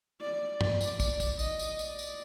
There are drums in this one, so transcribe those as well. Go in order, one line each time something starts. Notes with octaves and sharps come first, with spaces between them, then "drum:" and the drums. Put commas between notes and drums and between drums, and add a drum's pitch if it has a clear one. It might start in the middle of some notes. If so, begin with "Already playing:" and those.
D5
D5, drum: tom
drum: tambourine
D5, drum: kick, tambourine
drum: kick, tambourine
D#5, drum: tambourine
drum: tambourine
D5, drum: tambourine
drum: tambourine